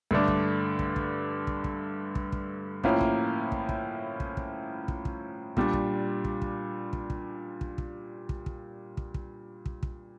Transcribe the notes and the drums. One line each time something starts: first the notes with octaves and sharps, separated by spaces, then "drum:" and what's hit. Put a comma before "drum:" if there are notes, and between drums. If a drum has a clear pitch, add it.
G2 D3 A3 D4, drum: kick
drum: kick
drum: kick
drum: kick
drum: kick
drum: kick
drum: kick
drum: kick
A2 F3 A#3 C#4 E4, drum: kick
drum: kick
drum: kick
drum: kick
drum: kick
drum: kick
drum: kick
drum: kick
A#2 G3 D4, drum: kick
drum: kick
drum: kick
drum: kick
drum: kick
drum: kick
drum: kick
drum: kick
drum: kick
drum: kick
drum: kick
drum: kick
drum: kick
drum: kick